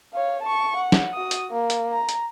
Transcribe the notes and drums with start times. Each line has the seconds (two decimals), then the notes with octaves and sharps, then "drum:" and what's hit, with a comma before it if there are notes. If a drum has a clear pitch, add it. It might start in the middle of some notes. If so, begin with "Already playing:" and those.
0.14 C#5 F5
0.42 A5 C#6
0.77 F#5
0.92 drum: snare
1.14 F#4 D#6
1.31 drum: hi-hat
1.50 A#3
1.70 drum: hi-hat
1.92 A#5
2.09 drum: hi-hat